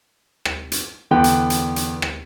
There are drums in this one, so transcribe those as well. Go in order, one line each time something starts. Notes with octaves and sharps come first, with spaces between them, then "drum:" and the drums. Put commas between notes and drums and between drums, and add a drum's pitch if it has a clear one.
drum: rim click
drum: hi-hat
E2 D3 B3 G5 F#6
drum: hi-hat
drum: hi-hat
drum: hi-hat
drum: rim click